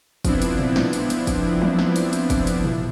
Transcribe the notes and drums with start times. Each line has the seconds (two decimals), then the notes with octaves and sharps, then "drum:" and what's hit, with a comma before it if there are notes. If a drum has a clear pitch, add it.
0.25 F3 B3 C4 D4 E4, drum: kick, hi-hat
0.42 drum: hi-hat
0.59 drum: tom A#2
0.76 drum: snare
0.93 drum: hi-hat
1.10 drum: hi-hat
1.27 drum: kick, hi-hat
1.61 drum: tom F3
1.79 drum: snare
1.96 drum: hi-hat
2.13 drum: hi-hat
2.30 drum: kick, hi-hat
2.47 drum: hi-hat
2.64 drum: tom A#2